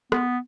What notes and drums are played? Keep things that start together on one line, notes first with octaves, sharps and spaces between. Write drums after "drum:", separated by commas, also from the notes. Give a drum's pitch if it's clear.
B3, drum: rim click